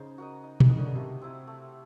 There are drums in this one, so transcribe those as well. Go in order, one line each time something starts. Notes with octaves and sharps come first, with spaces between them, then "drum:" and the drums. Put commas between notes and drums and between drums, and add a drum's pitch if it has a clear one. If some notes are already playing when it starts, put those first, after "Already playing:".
Already playing: C#3 D#4 C5
F#4 A#4 D#5
D#4
E3, drum: tom
D#3 F#4 A#4 D#5
D3
C#3
C3 A3
C4 E4
A3